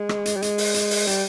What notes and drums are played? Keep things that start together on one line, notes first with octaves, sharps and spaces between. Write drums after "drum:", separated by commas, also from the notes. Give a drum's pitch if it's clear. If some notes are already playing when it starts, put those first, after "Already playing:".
Already playing: G#3
drum: rim click
drum: hi-hat
G3
G#3, drum: hi-hat
drum: open hi-hat
drum: hi-hat
drum: open hi-hat
G3, drum: hi-hat